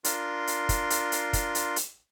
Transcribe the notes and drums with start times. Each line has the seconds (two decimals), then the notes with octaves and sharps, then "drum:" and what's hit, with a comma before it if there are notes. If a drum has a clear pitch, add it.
0.04 D4 F4 A#4 C6, drum: hi-hat
0.47 drum: hi-hat
0.69 drum: kick, hi-hat
0.90 drum: hi-hat
1.12 drum: hi-hat
1.33 drum: kick, hi-hat
1.55 drum: hi-hat
1.76 drum: hi-hat